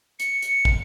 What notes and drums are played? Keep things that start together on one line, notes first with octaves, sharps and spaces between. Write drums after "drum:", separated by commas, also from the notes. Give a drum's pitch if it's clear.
C#7, drum: hi-hat
drum: hi-hat
drum: kick